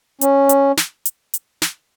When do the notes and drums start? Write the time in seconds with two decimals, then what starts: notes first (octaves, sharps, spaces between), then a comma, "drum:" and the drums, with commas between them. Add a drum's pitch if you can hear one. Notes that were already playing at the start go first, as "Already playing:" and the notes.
0.21 C#4, drum: hi-hat
0.49 drum: hi-hat
0.77 drum: snare
1.05 drum: hi-hat
1.34 drum: hi-hat
1.62 drum: snare